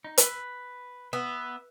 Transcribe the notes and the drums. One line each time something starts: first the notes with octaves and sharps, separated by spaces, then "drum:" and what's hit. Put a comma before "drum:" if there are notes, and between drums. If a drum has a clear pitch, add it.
D#4
B4, drum: hi-hat
B3 E5